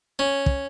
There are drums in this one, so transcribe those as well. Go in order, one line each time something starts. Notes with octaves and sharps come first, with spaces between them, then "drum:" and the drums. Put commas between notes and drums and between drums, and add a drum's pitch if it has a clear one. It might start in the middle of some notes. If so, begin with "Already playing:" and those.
C#4
drum: kick